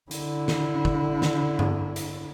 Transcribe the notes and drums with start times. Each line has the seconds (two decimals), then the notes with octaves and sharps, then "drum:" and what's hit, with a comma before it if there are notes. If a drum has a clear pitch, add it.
0.11 D3 E4, drum: hi-hat
0.48 drum: snare
0.85 drum: kick
1.22 drum: snare
1.59 drum: tom G2
1.96 drum: hi-hat